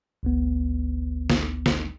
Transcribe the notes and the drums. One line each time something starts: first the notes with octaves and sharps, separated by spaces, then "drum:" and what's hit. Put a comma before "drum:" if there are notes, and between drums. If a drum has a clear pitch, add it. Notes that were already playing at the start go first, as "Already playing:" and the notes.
G#1 D2 B3
drum: snare
drum: snare